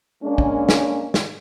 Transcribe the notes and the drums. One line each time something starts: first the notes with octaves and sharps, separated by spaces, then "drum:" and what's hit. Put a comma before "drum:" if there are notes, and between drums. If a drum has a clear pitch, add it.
G#3 A#3 C#4 D4
drum: kick
drum: snare
drum: snare